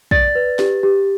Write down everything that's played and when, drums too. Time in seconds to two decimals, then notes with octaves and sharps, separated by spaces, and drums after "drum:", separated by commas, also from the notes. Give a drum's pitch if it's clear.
0.11 D5 A6, drum: kick
0.35 B4
0.59 G4, drum: snare
0.83 G4